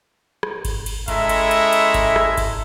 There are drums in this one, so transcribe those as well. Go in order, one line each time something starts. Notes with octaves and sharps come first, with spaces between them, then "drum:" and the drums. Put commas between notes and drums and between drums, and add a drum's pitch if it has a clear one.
drum: rim click
drum: kick G1, cymbal
drum: cymbal
G#3 C#4 E4 A4 E5 A#5, drum: kick G1, cymbal
drum: cymbal
drum: cymbal
drum: cymbal
drum: kick G1, cymbal
drum: rim click
drum: kick G1, cymbal